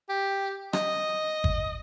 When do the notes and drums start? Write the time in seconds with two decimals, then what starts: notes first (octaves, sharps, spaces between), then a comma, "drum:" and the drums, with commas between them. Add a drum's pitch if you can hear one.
0.09 G4
0.73 D#5, drum: rim click
1.44 drum: kick G1